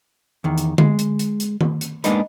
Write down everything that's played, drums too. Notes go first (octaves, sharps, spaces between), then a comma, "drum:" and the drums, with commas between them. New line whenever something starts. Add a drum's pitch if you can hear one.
E2 D#3
drum: hi-hat
G#3, drum: tom D3
drum: hi-hat
drum: hi-hat
drum: hi-hat
drum: tom D#3
drum: hi-hat
G#3 A#3 B3 D4 D#4 B4, drum: hi-hat